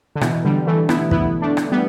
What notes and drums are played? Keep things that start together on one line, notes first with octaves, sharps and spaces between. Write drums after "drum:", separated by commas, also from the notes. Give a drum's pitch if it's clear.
D3
B2 E3, drum: rim click
D3 G3
E3 A3
B3 E4, drum: rim click
B3 E4, drum: kick
A3 D4
drum: rim click
G3 B3